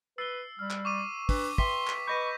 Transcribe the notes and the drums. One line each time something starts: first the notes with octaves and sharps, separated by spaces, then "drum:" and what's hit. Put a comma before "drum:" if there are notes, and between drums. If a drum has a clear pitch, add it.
B4 E6 A6 C7 G7
G3 F6
drum: clap
C#6 D6 D#7
D4 B4, drum: kick, open hi-hat
B4 E5 G5 C6 B6, drum: kick
drum: clap
B4 D#5 B5 C#6 G6 A#6 D#7